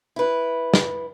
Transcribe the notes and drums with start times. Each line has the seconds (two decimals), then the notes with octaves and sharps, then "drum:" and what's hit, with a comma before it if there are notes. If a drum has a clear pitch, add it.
0.16 E4 B4
0.74 drum: snare